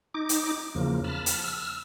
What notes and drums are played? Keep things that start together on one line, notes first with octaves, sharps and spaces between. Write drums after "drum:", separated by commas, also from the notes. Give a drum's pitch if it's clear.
D#4 D6
drum: hi-hat
E2 C#3 F3 A#3
A5 B5 F6
drum: hi-hat
E6 F6